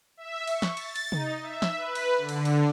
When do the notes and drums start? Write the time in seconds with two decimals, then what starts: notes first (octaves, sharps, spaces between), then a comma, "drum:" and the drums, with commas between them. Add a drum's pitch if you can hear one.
0.17 E5
0.47 C#6, drum: cymbal
0.62 drum: snare
0.77 A6, drum: cymbal
0.96 drum: cymbal
1.12 D#4, drum: tom C3
1.42 E5
1.62 drum: snare
1.76 B4
1.95 drum: cymbal
2.18 D3
2.29 drum: cymbal
2.45 drum: cymbal